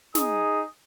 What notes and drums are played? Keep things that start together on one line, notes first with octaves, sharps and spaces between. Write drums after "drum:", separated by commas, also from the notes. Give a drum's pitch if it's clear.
D#4 G#4 D#6, drum: snare